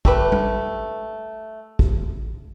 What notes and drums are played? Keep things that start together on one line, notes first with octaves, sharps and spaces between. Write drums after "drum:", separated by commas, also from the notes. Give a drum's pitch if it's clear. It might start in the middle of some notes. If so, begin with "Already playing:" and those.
A3 G4 B4, drum: kick
drum: tom G3
drum: kick